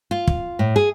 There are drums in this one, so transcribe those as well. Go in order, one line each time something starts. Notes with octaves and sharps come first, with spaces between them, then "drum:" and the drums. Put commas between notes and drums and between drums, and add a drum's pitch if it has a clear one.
F4
drum: kick
A2
G#4